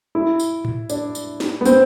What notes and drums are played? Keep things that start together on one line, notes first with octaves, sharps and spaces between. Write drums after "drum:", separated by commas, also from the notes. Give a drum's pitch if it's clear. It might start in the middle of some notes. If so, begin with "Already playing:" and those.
E4
drum: tambourine
drum: tom A2
D4, drum: tambourine
drum: tambourine
drum: snare
B3
C4, drum: tambourine